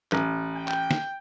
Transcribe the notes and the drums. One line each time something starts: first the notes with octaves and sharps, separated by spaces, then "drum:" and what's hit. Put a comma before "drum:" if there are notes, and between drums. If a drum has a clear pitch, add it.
A1, drum: clap
G5
drum: clap
drum: snare